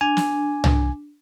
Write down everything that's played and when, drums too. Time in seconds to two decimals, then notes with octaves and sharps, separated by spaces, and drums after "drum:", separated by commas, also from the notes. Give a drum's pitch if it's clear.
0.01 D4 G#5
0.17 drum: snare
0.64 drum: tom